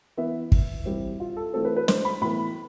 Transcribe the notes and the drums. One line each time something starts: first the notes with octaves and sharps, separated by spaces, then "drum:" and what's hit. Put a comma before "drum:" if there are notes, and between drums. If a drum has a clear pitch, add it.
E3 B3 E5
drum: kick
E3 G3 C4
F4
A4
E3 A3 C4 A4
B4
B4
C5, drum: snare
B5
A2 E3 B3 B5